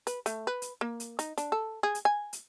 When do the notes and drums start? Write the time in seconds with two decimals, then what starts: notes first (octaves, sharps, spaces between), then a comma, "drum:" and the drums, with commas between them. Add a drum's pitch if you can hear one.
0.07 B4, drum: hi-hat
0.26 A3, drum: hi-hat
0.47 B4
0.62 drum: hi-hat
0.81 A#3
1.00 drum: hi-hat
1.19 D#4, drum: hi-hat
1.38 D4, drum: hi-hat
1.52 A4
1.83 G#4
1.95 drum: hi-hat
2.05 G#5
2.33 drum: hi-hat